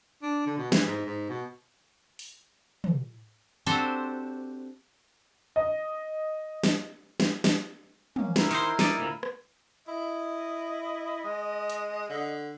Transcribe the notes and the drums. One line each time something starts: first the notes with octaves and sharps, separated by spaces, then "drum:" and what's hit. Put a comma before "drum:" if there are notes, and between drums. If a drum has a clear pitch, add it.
D4
D3
B2
E3, drum: snare
G#2
G#2
B2
drum: open hi-hat
drum: tom
C4 D4 F#4 G4 A4 C5
D#5
drum: snare
drum: snare
drum: snare
A#3 C#4, drum: tom
E4 A#4, drum: snare
D#3 D#4 C5, drum: open hi-hat
D#4 D5, drum: snare
D2 A#2
drum: rim click
E4 D#5
G#3
drum: hi-hat
D3